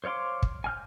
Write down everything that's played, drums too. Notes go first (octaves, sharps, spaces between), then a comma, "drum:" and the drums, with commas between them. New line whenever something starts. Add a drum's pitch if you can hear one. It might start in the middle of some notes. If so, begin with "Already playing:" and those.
C5 C#5 F5 C6 D6
drum: kick
G#5 F6 G6